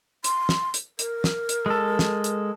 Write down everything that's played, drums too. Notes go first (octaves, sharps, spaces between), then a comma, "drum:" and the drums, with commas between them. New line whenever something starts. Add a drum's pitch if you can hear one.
C6, drum: hi-hat
drum: snare
drum: hi-hat
A#4, drum: hi-hat
drum: snare
drum: hi-hat
G#3 A4
drum: snare
drum: hi-hat